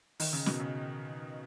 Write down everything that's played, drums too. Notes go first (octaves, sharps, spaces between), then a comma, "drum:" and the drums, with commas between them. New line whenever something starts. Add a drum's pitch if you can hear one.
D#3, drum: open hi-hat
C#3
B2, drum: snare
C#3